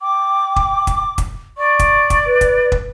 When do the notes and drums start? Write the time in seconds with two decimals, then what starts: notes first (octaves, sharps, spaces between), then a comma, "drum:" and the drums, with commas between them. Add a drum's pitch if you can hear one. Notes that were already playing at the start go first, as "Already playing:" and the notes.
0.02 G5 D6
0.56 drum: kick
0.87 drum: kick, hi-hat
1.18 drum: kick, hi-hat
1.58 D5 C#6
1.79 drum: kick, hi-hat
2.10 drum: kick, hi-hat
2.26 B4
2.41 drum: kick, hi-hat
2.72 drum: kick